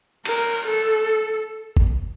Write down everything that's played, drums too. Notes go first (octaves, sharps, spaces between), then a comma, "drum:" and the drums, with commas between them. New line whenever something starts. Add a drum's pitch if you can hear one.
A#4, drum: cymbal
A4
drum: kick A1